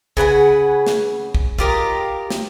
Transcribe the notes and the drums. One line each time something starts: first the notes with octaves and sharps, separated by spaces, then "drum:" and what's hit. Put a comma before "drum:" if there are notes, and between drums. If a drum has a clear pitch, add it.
C#3 B4 F#5 G#5, drum: kick
drum: snare
drum: kick
F4 G4 A#4 D#5, drum: kick
drum: snare